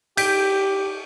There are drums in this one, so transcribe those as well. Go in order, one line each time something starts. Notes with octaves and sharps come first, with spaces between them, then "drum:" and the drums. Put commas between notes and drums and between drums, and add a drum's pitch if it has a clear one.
G4 G6 B6 D7, drum: cymbal